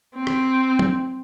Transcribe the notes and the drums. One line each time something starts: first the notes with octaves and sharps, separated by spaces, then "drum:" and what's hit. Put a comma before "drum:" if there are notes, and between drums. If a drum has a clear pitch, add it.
C4
drum: rim click
drum: tom F#3